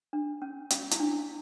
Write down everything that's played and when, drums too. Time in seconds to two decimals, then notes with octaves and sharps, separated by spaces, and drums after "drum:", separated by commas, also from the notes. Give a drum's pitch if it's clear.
0.13 D4
0.42 C#4
0.70 C#4, drum: hi-hat
0.91 E4, drum: hi-hat
1.00 D4